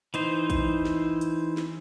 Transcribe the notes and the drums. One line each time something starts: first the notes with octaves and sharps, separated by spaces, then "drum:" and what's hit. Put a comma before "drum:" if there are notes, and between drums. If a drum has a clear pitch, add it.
E3 D#4 C5, drum: hi-hat
drum: kick, hi-hat
drum: snare
drum: hi-hat
drum: snare